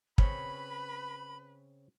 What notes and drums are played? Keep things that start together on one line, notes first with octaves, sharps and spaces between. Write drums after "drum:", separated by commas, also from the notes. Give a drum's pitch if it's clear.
C#3 C4 C#4 B4 B5, drum: kick